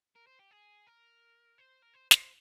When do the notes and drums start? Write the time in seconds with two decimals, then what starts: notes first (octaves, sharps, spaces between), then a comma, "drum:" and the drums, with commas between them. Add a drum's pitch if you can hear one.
0.16 A#4
0.27 C5
0.39 G4
0.51 G#4
0.87 A#4
1.58 C5
1.82 A#4
1.94 C5
2.11 C5, drum: snare